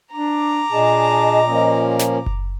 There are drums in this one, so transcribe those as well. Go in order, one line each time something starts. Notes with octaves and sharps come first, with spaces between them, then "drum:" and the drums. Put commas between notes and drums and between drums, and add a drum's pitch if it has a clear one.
D4 A#5 D6
A#2 D4 G#4 D#5 A5
F3 A#3 C#4
drum: snare
drum: kick F#1